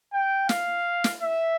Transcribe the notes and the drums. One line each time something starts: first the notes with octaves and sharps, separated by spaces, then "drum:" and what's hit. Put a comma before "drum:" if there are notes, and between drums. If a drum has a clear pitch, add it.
G5
F5, drum: snare
drum: snare
E5